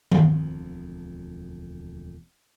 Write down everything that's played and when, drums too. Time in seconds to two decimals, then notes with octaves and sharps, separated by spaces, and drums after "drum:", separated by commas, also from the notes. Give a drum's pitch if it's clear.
0.11 E1 D2 F3 C4, drum: tom D#3